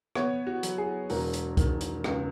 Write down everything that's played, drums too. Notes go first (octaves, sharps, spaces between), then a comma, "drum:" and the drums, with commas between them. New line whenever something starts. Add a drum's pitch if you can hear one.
B3 C#5, drum: rim click
F#4
F#3, drum: hi-hat
G#4
E1 A#4, drum: open hi-hat
drum: hi-hat
D#3, drum: kick C2, hi-hat
drum: hi-hat
C#2, drum: rim click